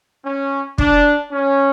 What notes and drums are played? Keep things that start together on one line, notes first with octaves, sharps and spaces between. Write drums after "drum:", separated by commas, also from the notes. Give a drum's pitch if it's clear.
C#4
D4, drum: kick
C#4